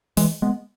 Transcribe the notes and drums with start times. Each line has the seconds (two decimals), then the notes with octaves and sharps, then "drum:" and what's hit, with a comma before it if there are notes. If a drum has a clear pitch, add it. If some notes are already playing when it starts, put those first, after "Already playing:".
0.17 E3 G#3, drum: open hi-hat
0.42 G#3 B3